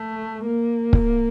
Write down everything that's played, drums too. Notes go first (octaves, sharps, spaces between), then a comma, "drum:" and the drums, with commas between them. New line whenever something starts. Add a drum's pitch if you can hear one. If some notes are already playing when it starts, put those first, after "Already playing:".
Already playing: A3
A#3
drum: kick